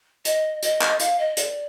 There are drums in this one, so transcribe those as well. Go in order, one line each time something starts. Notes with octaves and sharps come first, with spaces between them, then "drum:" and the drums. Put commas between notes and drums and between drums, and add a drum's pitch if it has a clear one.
D#5, drum: hi-hat
D#5, drum: hi-hat
drum: clap
F5, drum: hi-hat
D#5
D5, drum: hi-hat